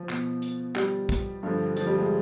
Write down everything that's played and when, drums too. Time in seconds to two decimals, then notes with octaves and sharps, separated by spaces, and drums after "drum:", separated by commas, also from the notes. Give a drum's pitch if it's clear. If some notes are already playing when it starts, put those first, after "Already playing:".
Already playing: F3
0.09 B2, drum: clap
0.42 drum: hi-hat
0.76 G3, drum: clap
1.09 drum: kick, hi-hat
1.43 G2 D3 F3
1.76 F3, drum: hi-hat
1.87 G3
1.99 G#3